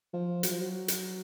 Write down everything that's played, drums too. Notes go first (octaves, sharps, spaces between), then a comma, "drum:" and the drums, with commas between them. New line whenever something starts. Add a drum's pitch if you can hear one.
F3
F#3, drum: hi-hat
F3
F#3
drum: hi-hat